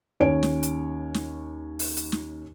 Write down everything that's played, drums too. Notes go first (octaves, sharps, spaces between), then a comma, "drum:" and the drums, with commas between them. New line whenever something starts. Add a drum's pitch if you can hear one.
D#2 C#4 C#5 D7
drum: snare
drum: hi-hat
drum: snare
drum: open hi-hat
drum: hi-hat
drum: snare